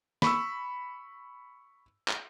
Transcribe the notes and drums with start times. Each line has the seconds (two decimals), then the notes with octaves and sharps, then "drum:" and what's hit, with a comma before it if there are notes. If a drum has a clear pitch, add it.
0.22 B5 C#6 E6, drum: snare
2.08 drum: clap